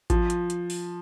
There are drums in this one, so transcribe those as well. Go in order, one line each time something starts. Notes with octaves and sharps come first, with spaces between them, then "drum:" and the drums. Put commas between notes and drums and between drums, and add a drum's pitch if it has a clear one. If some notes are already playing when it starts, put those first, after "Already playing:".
F3, drum: kick G#1, hi-hat
drum: hi-hat
drum: hi-hat
drum: open hi-hat